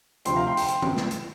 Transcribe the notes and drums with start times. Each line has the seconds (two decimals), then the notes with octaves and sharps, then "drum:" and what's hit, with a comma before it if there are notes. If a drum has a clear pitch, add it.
0.25 D2 C3 F3 G5 C6, drum: hi-hat
0.36 F5 A#5
0.47 G5 C6
0.57 G5 C6, drum: open hi-hat
0.68 drum: hi-hat
0.82 drum: tom
0.97 drum: snare
1.11 drum: hi-hat